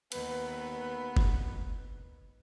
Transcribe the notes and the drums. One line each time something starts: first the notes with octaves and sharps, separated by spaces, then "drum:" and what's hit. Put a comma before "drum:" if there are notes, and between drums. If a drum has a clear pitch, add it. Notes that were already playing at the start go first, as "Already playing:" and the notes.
D#2 B3 B4, drum: cymbal
drum: kick F#1